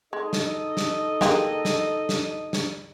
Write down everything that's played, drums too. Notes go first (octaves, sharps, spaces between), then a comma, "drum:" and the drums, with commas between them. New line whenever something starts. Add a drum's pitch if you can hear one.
G#3 D#4 A4 D#5
drum: snare
drum: snare
G#3 A#3 G4, drum: snare
drum: snare
drum: snare
drum: snare